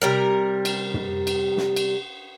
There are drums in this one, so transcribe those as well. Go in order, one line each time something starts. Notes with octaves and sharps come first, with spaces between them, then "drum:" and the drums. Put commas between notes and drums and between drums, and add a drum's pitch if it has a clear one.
C3 G3 A#4
drum: cymbal
drum: tom
drum: cymbal
drum: snare
drum: cymbal